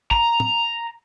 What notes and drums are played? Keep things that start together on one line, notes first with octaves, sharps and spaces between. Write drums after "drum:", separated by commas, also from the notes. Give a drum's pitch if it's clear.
A#5, drum: kick
drum: tom